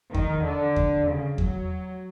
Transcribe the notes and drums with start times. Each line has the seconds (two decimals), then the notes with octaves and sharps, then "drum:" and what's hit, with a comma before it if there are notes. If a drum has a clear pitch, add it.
0.14 D#3, drum: kick E2
0.46 D3
0.76 drum: kick E2
1.08 C#3
1.38 F#3, drum: kick E2